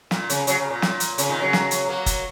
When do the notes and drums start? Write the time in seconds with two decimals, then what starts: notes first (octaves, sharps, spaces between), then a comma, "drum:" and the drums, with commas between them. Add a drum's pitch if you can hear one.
0.11 A#2, drum: snare
0.30 C#3, drum: hi-hat
0.47 C#3 F#3, drum: hi-hat
0.58 C#3
0.71 A#2
0.82 drum: snare
1.00 drum: hi-hat
1.18 C#3, drum: hi-hat
1.29 A#2 D#3
1.41 C#3 F#3
1.53 drum: snare
1.71 drum: hi-hat
1.89 F#3 A#3
2.06 drum: kick, hi-hat